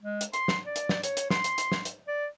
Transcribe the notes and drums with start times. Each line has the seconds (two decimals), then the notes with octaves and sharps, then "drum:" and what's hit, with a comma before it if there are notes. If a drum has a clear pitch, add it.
0.02 G#3
0.21 drum: hi-hat
0.33 C6, drum: hi-hat
0.48 drum: snare
0.66 D5
0.76 drum: hi-hat
0.89 drum: snare
1.03 C#5, drum: hi-hat
1.17 drum: hi-hat
1.30 C6, drum: snare
1.44 drum: hi-hat
1.58 drum: hi-hat
1.72 drum: snare
1.85 drum: hi-hat
2.08 D5